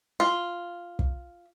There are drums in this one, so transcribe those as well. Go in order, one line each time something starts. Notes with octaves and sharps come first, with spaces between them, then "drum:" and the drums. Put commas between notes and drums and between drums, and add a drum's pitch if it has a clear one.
F4
drum: kick